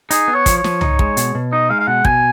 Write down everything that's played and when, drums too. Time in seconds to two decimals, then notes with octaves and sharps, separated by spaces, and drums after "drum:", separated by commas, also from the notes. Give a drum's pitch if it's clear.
0.11 D#4 G#4, drum: hi-hat
0.28 B3
0.34 C#5
0.46 F3, drum: kick, hi-hat
0.58 C#5
0.64 F3, drum: snare
0.81 D#4, drum: tom C2
0.99 G#3, drum: kick
1.17 B2, drum: hi-hat
1.35 B2
1.52 D#4 D#5
1.70 G#3 F5
1.80 F5
1.87 B2 F#5
2.05 B2 G#5, drum: kick